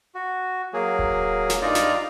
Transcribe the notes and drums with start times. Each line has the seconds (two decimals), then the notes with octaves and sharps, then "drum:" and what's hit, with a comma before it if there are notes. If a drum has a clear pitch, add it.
0.15 F#4
0.73 F#3 A#3 G#4
0.99 drum: kick D#1
1.50 drum: snare
1.62 G2 D#4 F4 D5 A#5
1.75 drum: snare